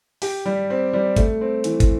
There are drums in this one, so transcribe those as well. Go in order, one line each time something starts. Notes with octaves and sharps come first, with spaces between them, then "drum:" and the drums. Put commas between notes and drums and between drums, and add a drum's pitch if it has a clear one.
G4, drum: open hi-hat
G3
C4
G3
A3, drum: kick, hi-hat
C4
E3, drum: hi-hat
drum: kick, hi-hat